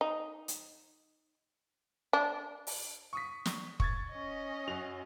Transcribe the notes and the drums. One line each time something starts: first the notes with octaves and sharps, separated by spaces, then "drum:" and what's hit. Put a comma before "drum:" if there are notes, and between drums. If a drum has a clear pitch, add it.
D#4
drum: hi-hat
D4
drum: open hi-hat
C#6 D#6 B6
drum: snare
C#6 G#6 A6, drum: kick
C#4 D#5
F#2 F#4 F7